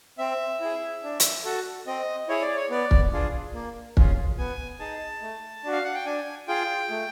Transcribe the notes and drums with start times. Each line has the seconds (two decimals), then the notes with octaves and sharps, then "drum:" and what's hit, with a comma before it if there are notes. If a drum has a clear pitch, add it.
0.18 C4 E5
0.60 E4 G#4
1.03 D4
1.20 drum: hi-hat
1.44 F#4 A4
1.87 C4 D#5
2.28 E4 G#4 C#5
2.42 D5
2.56 C#5
2.70 B3 D5
2.91 drum: kick
3.13 D4 F4 G#4
3.54 A#3
3.97 C#4 F4 G#4, drum: kick
4.38 B3 G#5
4.80 D#4 G#4 A5
5.22 A3
5.63 D4 F#4
5.72 F5
5.84 F#5
5.95 G5
6.05 D4 G#5
6.48 F4 G#4 G5
6.90 A3